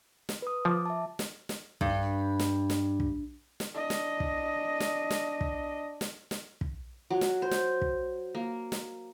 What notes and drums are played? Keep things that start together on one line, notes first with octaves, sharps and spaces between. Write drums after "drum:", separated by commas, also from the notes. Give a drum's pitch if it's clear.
drum: snare
B4 D#6
F3 D6
E5 A5
drum: snare
drum: snare
G2, drum: kick
drum: snare
drum: snare
drum: kick
drum: snare
D4 D#5
drum: snare
drum: kick
drum: snare
drum: snare
drum: kick
drum: snare
drum: snare
drum: kick
F#3
drum: snare
C5
drum: snare
drum: kick
A#3
drum: snare